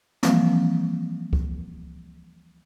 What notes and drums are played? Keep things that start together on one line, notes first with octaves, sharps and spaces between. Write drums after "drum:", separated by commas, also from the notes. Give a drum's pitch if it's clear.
E3 F3 G3 A#3 C4, drum: snare
drum: kick C#2